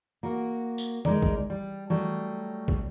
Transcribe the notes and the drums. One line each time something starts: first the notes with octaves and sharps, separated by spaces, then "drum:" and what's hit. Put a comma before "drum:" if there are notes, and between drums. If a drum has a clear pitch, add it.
A#3 F#4 A#4
drum: tambourine
G#3 D#4 A#4 D5, drum: tom
drum: kick
G3
F#3 G3 A3
drum: kick